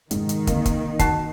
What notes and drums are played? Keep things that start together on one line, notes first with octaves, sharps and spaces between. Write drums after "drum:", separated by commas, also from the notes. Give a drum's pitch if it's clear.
F2 G#2 C3 D#3, drum: hi-hat
drum: hi-hat
D3 A#3 C4, drum: kick, hi-hat
drum: kick, hi-hat
F#2 F#4 A5 C7, drum: kick, hi-hat